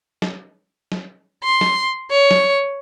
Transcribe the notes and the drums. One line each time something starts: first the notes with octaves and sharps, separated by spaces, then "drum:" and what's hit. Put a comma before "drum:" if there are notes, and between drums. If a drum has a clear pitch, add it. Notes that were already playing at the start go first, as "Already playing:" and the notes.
drum: snare
drum: snare
C6
drum: snare
C#5
drum: snare